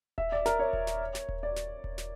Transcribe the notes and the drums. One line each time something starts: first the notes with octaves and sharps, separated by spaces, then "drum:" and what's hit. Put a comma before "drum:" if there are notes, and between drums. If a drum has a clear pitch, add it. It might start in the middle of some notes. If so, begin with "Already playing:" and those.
E5, drum: kick D#1
D5
A#4, drum: snare
C#5
drum: kick D#1
drum: snare
drum: snare
drum: kick D#1
D5
drum: snare
drum: kick D#1
drum: snare